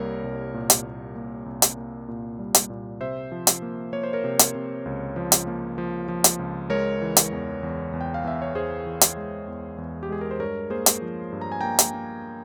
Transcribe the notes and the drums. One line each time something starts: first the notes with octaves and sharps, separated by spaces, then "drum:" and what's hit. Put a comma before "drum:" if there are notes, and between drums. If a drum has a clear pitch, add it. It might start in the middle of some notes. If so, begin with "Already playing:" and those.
Already playing: C2 G3 A#3 A#4 C#5
C2
A#2
drum: hi-hat
A#3
A#3
C2
drum: hi-hat
A#3
A#2
G3
drum: hi-hat
A#2
C3 C5 E5
F3
drum: hi-hat
A#3
A#3 C#5
C5
A#4 C#5
C3
drum: hi-hat
C3
C#2
F3
drum: hi-hat
A#3
F3
F3
drum: hi-hat
C#2
G#3 A#4 C#5
E3
drum: hi-hat
E2
E2
E2
G5
F5
E2 E5
C#5
E2 G#4 C5
E3
drum: hi-hat
G#3
E2
E2
G4
G#3 G#4
A#4
C5
G2 A#4 C#5
A#3 G#4 C5
drum: hi-hat
F3
G2
A#5
G#5
A#3 G5 A#5
drum: hi-hat
A#3